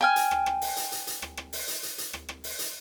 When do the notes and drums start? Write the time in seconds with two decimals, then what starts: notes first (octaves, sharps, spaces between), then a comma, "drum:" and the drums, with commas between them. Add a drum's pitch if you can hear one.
0.01 G5 G#5 F6
0.16 drum: hi-hat
0.31 drum: rim click
0.46 drum: rim click
0.61 drum: open hi-hat
0.77 drum: hi-hat
0.92 drum: hi-hat
1.07 drum: hi-hat
1.22 drum: rim click
1.37 drum: rim click
1.53 drum: open hi-hat
1.68 drum: hi-hat
1.83 drum: hi-hat
1.98 drum: hi-hat
2.13 drum: rim click
2.29 drum: rim click
2.44 drum: open hi-hat
2.59 drum: hi-hat